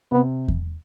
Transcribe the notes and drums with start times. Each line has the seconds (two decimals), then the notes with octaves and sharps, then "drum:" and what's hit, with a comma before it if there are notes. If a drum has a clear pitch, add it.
0.12 C3 B3
0.48 drum: kick E2